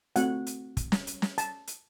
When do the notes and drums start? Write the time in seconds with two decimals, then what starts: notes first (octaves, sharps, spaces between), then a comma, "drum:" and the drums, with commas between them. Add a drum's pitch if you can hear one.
0.16 A3 C4 F#4 F#5, drum: hi-hat
0.46 drum: hi-hat
0.77 drum: kick, hi-hat
0.92 drum: snare
1.07 drum: hi-hat
1.22 drum: snare
1.38 A5, drum: hi-hat
1.67 drum: hi-hat